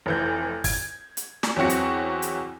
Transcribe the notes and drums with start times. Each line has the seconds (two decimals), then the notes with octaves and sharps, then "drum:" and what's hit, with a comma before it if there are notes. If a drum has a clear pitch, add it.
0.06 F1 E3 G6
0.64 G#6, drum: kick, open hi-hat
1.17 drum: hi-hat
1.43 drum: snare
1.56 E2 F#3 C4 F#4 C#7
1.70 drum: hi-hat
2.22 drum: hi-hat